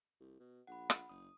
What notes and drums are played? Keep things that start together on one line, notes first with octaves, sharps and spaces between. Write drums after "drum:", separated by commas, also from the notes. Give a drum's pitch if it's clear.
C2
B2
A#1 F#5 B5
drum: rim click
F#1 D#6